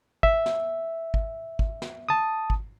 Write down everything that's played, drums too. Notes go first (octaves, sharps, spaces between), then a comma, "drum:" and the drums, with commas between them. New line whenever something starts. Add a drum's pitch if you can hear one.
E5, drum: kick
drum: snare
drum: kick
drum: kick
drum: snare
A5 D#6
drum: kick